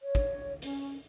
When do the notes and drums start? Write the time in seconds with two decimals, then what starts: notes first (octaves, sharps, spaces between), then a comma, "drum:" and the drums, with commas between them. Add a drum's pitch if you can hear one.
0.02 C#5
0.15 drum: kick
0.62 C#4, drum: hi-hat